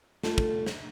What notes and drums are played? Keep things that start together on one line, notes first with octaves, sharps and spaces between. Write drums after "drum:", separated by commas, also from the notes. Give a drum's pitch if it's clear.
G3 A3 F4 A4, drum: snare
drum: kick
drum: snare